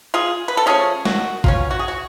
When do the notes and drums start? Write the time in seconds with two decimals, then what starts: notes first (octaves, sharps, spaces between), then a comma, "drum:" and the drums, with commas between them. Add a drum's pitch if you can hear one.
0.14 F4 G#4
0.48 B4
0.57 A4
0.66 F3 A3 C#4 F4 G#4
1.05 F#4, drum: snare
1.44 B2 F#3 C#4 F4, drum: kick G#1
1.71 F#4
1.79 G#4
1.88 F#4